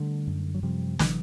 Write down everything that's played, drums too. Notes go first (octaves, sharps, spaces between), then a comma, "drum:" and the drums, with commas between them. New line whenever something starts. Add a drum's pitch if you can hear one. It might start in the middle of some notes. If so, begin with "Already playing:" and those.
Already playing: D3 G3 A3
F#2
F#3
C3 F3 G3
E3 F#3, drum: snare